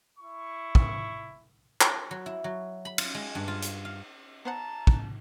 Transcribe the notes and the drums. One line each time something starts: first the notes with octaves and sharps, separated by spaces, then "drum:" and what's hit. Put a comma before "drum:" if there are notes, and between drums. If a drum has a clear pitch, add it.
E4 C#6
drum: kick
drum: clap
F#3
E4
F#3
B5
F4, drum: cymbal
G#3
G2
F4
drum: hi-hat
F5
B3 C5 F#5 A5 A#5
drum: kick